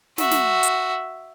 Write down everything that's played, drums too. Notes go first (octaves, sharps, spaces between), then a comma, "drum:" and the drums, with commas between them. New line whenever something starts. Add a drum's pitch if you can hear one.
F#4 E5, drum: snare
drum: snare
drum: hi-hat